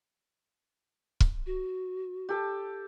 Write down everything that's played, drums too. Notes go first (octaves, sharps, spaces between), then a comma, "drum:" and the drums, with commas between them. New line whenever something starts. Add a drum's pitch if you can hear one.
drum: kick
F#4
G4 A4 A5